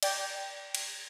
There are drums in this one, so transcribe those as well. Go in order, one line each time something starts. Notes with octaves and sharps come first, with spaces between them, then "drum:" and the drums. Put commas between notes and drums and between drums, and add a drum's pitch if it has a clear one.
D5 G5, drum: cymbal
drum: cymbal